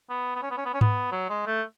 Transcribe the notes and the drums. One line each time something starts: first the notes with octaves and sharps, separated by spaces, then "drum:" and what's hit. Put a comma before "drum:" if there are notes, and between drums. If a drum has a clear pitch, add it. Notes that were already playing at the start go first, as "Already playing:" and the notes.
B3
B3
C#4
B3
C#4
B3
C#4
B3, drum: tom G#2
F#3
G#3
A3